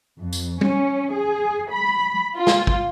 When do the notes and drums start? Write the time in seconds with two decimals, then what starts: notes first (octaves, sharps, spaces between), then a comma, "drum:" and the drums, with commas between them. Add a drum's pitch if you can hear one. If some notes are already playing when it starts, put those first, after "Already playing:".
0.19 F2
0.33 drum: tambourine
0.61 C#4, drum: tom
1.13 G#4
1.70 B5
2.37 F4
2.47 drum: snare
2.67 drum: kick